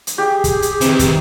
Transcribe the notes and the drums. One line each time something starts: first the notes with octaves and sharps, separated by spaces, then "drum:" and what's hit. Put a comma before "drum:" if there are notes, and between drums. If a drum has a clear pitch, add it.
drum: hi-hat
G4 G#4
drum: kick, hi-hat
drum: hi-hat
C3 D#3 E3, drum: hi-hat
drum: kick, hi-hat